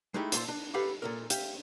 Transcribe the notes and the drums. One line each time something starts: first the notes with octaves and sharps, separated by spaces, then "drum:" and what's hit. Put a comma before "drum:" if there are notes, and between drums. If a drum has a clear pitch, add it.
G#3 A3 D#4 E4 G4
A#2 F4 A4 C5 C6, drum: hi-hat
D4
G4 A4 B4 F5 F#5
A#2 A4 A#4
G4 E5 F5, drum: hi-hat